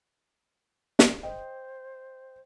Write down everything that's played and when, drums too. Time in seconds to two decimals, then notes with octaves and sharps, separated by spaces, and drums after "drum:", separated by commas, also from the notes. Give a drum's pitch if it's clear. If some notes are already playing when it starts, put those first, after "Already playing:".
0.99 drum: snare
1.23 C5 D#5 G5